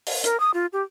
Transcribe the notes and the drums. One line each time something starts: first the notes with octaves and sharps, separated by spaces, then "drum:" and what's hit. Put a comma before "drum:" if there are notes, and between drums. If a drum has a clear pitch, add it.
drum: open hi-hat
A#4, drum: hi-hat
D#6
F4
G4